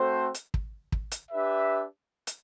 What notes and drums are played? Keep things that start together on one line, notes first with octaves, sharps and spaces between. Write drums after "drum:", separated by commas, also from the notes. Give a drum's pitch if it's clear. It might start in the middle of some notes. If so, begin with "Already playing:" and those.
Already playing: A3 C4 F#4 A4 C5
drum: hi-hat
drum: kick
drum: kick
drum: hi-hat
D4 G4 B4 E5
drum: hi-hat